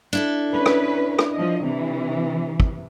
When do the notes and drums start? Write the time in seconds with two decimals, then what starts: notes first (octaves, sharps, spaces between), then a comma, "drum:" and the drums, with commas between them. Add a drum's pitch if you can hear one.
0.13 D4 E4 A4
0.54 C#4 B4
0.66 drum: rim click
1.19 drum: rim click
1.33 F3 D#5
1.63 C3 E3
2.60 drum: kick